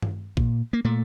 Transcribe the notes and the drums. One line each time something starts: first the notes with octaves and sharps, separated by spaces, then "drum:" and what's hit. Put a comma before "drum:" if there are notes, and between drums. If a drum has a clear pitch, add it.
drum: tom G2
A#2, drum: kick A1
A#3
A#2 A3